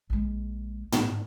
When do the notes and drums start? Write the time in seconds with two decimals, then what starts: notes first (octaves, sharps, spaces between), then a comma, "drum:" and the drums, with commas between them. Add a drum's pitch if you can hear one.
0.10 A#1 G#3
0.92 drum: tom